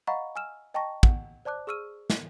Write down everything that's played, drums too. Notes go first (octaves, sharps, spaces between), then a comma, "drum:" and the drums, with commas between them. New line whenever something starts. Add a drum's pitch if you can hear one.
D#5 F5 F#5 A#5 B5 C#6
G#5 E6 F6 E7
D#5 G5 A5 A#5 C#6 A#6
F#5, drum: kick
C5 D5 A5 D6 F#6
G#4 C#6 E6 F6 D#7
drum: snare